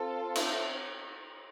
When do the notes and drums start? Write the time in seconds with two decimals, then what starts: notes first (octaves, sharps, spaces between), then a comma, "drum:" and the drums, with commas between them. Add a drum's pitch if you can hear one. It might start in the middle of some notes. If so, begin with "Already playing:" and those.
Already playing: C4 F4 A4
0.36 E5, drum: cymbal